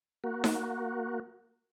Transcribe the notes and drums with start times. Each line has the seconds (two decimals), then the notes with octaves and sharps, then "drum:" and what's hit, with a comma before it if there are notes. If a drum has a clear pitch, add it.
0.24 A#3 F#4
0.44 drum: snare D#4